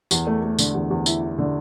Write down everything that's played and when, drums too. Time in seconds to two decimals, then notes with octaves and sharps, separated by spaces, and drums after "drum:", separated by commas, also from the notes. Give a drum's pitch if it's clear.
0.11 E2, drum: tambourine
0.27 A3
0.43 A3
0.59 D3, drum: tambourine
0.74 E2
0.91 E2
1.06 E4, drum: tambourine
1.22 E4
1.38 D3